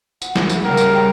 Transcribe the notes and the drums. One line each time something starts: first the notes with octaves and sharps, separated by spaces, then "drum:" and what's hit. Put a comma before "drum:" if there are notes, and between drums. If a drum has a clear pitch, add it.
F#5, drum: tambourine
drum: snare G3
drum: tambourine
C#3 G3 A#4 G5
drum: tambourine